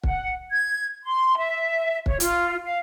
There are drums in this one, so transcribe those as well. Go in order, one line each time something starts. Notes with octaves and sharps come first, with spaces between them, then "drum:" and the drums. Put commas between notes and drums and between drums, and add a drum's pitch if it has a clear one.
F#5, drum: kick
G#6
C6
E5
C#5, drum: kick
F4, drum: hi-hat
F5